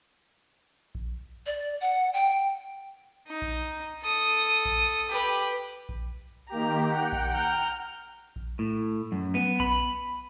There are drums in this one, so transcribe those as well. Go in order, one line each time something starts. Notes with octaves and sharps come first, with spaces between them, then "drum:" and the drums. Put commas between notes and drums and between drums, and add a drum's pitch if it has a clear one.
drum: kick A#1
D5
F#5
G5
D#4
drum: kick A#1
A4 D#6
drum: kick A#1
G4 B4
drum: kick A#1
D#3 A#3 G4 A#5
F#5 G5
drum: kick A#1
A#5 F6 G6
drum: kick A#1
A2
F#2
B3
B5, drum: kick A#1